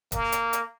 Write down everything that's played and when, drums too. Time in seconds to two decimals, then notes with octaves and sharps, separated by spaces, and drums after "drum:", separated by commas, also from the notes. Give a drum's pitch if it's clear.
0.12 A#3, drum: kick, hi-hat
0.32 drum: hi-hat
0.53 drum: hi-hat